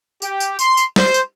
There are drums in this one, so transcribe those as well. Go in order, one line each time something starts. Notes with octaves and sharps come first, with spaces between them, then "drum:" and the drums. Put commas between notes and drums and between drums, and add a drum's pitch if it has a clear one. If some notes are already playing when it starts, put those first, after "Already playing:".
G4, drum: tambourine
drum: tambourine
C6, drum: tambourine
drum: tambourine
C5, drum: snare
drum: tambourine